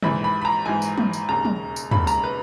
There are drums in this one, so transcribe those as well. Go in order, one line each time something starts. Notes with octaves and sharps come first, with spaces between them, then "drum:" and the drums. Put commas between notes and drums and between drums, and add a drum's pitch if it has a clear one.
A#1 G#2 E3 B5, drum: tom
B5
B5
A#5
A#1 G#2 E3 G#5
drum: tambourine
drum: tom
drum: tambourine
E1 D#2 C#3 A#5
drum: tom
drum: tambourine
E1 D#2 C#3 B5, drum: tom
A#5, drum: tambourine
B4